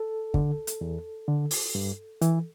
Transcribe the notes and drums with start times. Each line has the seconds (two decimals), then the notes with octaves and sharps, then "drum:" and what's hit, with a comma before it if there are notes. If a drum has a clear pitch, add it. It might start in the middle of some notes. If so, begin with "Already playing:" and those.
Already playing: A4
0.34 D3, drum: kick
0.67 drum: hi-hat
0.81 E2
1.28 D3
1.51 drum: open hi-hat
1.75 G2
2.21 E3, drum: hi-hat